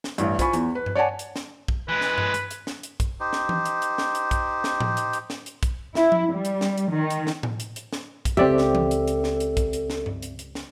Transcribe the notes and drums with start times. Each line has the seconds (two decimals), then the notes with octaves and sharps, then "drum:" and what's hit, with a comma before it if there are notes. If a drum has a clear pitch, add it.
0.04 drum: snare
0.18 A1 G2, drum: hi-hat
0.39 F4 C5 G#5 B5 C#6, drum: kick, hi-hat
0.53 E2, drum: hi-hat
0.75 B4
0.86 drum: tom G2
0.95 C#5 D5 F#5 G#5 A5
1.19 drum: hi-hat
1.36 drum: snare
1.68 drum: kick
1.89 E3 G#3 B4
2.01 drum: snare
2.18 drum: tom G2
2.34 drum: hi-hat
2.51 drum: hi-hat
2.67 drum: snare
2.83 drum: hi-hat
3.00 drum: kick, hi-hat
3.20 D#4 G4 C5
3.33 drum: snare
3.49 drum: tom E3
3.66 drum: hi-hat
3.82 drum: hi-hat
3.98 drum: snare
4.15 drum: hi-hat
4.31 drum: kick, hi-hat
4.64 drum: snare
4.80 drum: tom A2
4.97 drum: hi-hat
5.13 drum: hi-hat
5.30 drum: snare
5.46 drum: hi-hat
5.63 drum: kick, hi-hat
5.95 E4, drum: snare
6.12 drum: tom F3
6.33 G3
6.45 drum: hi-hat
6.61 drum: snare
6.78 drum: hi-hat
6.90 D#3
7.10 drum: hi-hat
7.27 drum: snare
7.43 drum: tom A2
7.60 drum: hi-hat
7.76 drum: hi-hat
7.93 drum: snare
8.25 drum: kick, hi-hat
8.37 C#2 C4 G4 A4 D5 E5
8.58 drum: snare
8.75 drum: tom E3
8.91 drum: hi-hat
9.08 drum: hi-hat
9.24 drum: snare
9.40 drum: hi-hat
9.57 drum: kick, hi-hat
9.73 drum: hi-hat
9.90 drum: snare
10.06 drum: tom G2
10.22 drum: hi-hat
10.39 drum: hi-hat
10.55 drum: snare